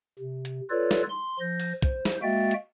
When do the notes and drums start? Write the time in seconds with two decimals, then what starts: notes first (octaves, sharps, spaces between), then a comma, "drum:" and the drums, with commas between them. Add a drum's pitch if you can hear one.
0.19 C3
0.45 drum: hi-hat
0.70 F4 A4 B4 C#5 D5
0.91 drum: snare
1.09 C6
1.40 F3 G6 A#6
1.60 drum: open hi-hat
1.82 C5, drum: kick, hi-hat
2.05 drum: snare
2.22 G#3 A#3 F#4 E5 G5 A6
2.51 drum: hi-hat